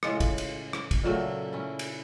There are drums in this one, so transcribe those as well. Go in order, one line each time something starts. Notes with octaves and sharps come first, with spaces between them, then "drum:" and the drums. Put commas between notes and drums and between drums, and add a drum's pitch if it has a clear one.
A2 C#3 G#3 F4, drum: rim click
drum: kick, cymbal
drum: cymbal
drum: rim click
drum: kick, cymbal
A#2 C#3 F#3 A3
C#4 E4
drum: cymbal